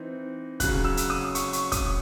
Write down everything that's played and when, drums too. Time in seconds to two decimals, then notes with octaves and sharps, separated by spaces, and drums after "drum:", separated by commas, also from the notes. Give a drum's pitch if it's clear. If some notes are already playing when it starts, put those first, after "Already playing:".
Already playing: E3 C4 D#4
0.60 C#3 F#3 C#4 F#6, drum: kick, hi-hat
0.85 E6
0.97 drum: hi-hat
1.10 D#6
1.35 C#6, drum: hi-hat
1.53 C#6, drum: hi-hat
1.72 D#6, drum: kick, hi-hat